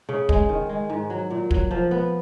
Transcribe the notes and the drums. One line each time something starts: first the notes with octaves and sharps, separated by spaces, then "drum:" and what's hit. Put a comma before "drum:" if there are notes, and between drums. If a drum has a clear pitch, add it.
C#3
G#3, drum: kick
D#3
G#3
G#2
F#3
A#2
F#3, drum: kick
F3
B3